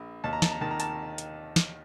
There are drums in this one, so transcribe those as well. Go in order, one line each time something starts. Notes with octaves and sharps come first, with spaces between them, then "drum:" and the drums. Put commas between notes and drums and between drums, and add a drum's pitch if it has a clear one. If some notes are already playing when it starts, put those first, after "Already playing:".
Already playing: A#1
D#2 A5
A#5
A5, drum: snare
A#5
D#3 A5
A#5
A5, drum: hi-hat
drum: hi-hat
drum: snare